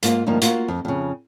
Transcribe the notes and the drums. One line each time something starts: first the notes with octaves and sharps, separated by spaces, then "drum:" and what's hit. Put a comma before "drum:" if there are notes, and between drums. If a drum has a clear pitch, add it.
G#2 A#3 F4, drum: hi-hat
D2 G2 F3 A#3 D#4
A#3 F4 F#4, drum: hi-hat
F2
F2 C#3